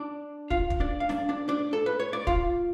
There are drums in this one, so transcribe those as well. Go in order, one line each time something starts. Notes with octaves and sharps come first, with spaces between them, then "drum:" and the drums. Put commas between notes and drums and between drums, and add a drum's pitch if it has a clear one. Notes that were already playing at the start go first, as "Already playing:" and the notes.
Already playing: D4 D5
F4 F5, drum: kick
drum: kick
D4 D5
F5
D4 D5, drum: snare
D4 D5
D4 D5
A4
B4
C#5
D5
F4 F5, drum: kick